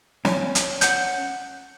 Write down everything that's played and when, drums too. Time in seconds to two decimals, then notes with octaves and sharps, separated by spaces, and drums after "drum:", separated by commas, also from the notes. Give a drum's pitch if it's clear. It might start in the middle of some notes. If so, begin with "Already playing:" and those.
0.25 C#4, drum: snare
0.55 drum: hi-hat
0.81 F#5 G6, drum: hi-hat